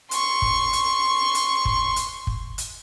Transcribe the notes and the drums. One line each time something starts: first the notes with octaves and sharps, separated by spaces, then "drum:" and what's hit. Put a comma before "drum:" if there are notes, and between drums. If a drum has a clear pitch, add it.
C6 C#6, drum: hi-hat
drum: kick
drum: hi-hat
drum: hi-hat
drum: kick
drum: hi-hat
drum: kick
drum: hi-hat